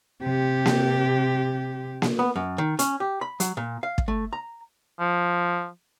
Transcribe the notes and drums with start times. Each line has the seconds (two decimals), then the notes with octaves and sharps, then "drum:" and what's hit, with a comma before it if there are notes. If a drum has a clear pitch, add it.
0.22 C3 G4
0.66 drum: snare A#3
2.02 drum: snare A#3
2.19 B3
2.36 F#2
2.58 D#3
2.79 C#4, drum: hi-hat
3.00 G4
3.21 B5
3.40 F#3, drum: hi-hat
3.57 A#2
3.83 F5
3.98 drum: kick
4.08 A3
4.33 A#5
5.00 F3